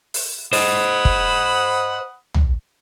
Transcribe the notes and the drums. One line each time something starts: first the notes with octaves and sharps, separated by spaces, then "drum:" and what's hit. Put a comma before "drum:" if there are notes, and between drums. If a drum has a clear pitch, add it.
drum: open hi-hat
C5 D#5 F#5 B5 D#6, drum: open hi-hat
drum: kick
drum: tom